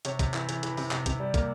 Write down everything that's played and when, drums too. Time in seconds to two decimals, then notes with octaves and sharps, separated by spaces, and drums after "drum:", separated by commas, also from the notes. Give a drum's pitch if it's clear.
0.05 C3 C#5, drum: hi-hat
0.19 C3, drum: kick, hi-hat
0.34 E3, drum: clap
0.49 E3, drum: hi-hat
0.63 E3, drum: hi-hat
0.77 C3, drum: open hi-hat
0.91 C3, drum: clap
1.06 C3, drum: kick, hi-hat
1.19 G3
1.34 A#3, drum: kick, hi-hat